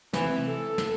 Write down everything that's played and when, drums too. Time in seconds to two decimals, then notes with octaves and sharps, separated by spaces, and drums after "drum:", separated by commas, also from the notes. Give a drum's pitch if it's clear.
0.13 C3 E3, drum: snare
0.46 A4
0.78 drum: snare